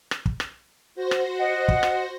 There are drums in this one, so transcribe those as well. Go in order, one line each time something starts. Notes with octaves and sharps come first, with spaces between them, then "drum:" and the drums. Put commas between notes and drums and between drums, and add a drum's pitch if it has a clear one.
drum: rim click
drum: kick
drum: rim click
F#4 C5 A#6
drum: rim click
D#5 F#5
drum: kick
drum: rim click